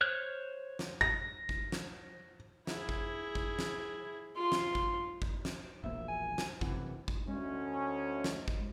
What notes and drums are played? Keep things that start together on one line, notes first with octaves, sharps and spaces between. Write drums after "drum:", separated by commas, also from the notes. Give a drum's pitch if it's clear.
C5 C#5 F6 F#6
drum: snare
A#6, drum: kick
drum: kick
drum: snare
E4 G#4, drum: snare
drum: kick
drum: kick
drum: snare
F4 C6
drum: snare
drum: kick
drum: kick
drum: snare
E1 A#1 A#3 E5
G#5
drum: snare
F#1 C3 E3 F#5, drum: kick
drum: kick
D2 G#3 C#4
drum: snare
drum: kick